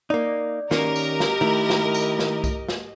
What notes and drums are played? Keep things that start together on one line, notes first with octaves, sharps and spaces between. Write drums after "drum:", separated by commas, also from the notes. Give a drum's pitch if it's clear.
A#3 D#4 D5
D#3 A#3 C#4 G4 A#4 D#5, drum: snare
drum: tambourine
drum: snare
D#3 A3 E4
drum: snare
drum: tambourine
drum: snare
drum: kick, tambourine
drum: snare